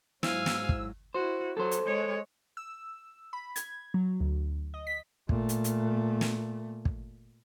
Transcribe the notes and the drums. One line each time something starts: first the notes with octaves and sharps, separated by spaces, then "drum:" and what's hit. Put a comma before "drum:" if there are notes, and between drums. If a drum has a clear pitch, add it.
G#2 F#3 E4 C5 F5 G#5 E6, drum: snare
drum: snare
drum: kick
E4 F#4 C5
F#3 A4 C5
drum: hi-hat
G#3 C#5
E6
B5
G#6, drum: hi-hat
F#3
D2
D#5
B6
A#2 A3, drum: kick
drum: hi-hat
drum: hi-hat
drum: snare
drum: kick